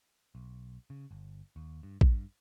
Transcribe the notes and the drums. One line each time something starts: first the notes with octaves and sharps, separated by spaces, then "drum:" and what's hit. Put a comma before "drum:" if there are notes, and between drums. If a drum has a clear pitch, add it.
B1
C#3
G1
D#2
G2
G2, drum: kick